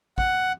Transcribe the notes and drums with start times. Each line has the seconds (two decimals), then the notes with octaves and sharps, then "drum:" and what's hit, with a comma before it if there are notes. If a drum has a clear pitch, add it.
0.18 F#5, drum: kick